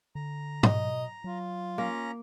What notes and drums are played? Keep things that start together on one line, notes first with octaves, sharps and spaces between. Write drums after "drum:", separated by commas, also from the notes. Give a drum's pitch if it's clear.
D3 A#5
B2 D#5, drum: tom
F#3 F4
A#3 C#4 A#5